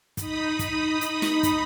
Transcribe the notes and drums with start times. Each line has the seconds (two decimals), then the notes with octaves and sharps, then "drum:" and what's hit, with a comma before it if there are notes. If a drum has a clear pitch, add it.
0.17 D#4 B5 D#6, drum: kick, hi-hat
0.59 drum: kick, hi-hat
1.01 drum: hi-hat
1.22 drum: snare
1.43 drum: kick, hi-hat